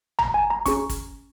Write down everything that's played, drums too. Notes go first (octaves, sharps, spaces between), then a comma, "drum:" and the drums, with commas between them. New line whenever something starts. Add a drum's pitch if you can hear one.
A#5, drum: tom G#1
G#5
A#5
C#4 G#4 C#6, drum: kick, hi-hat
drum: kick, hi-hat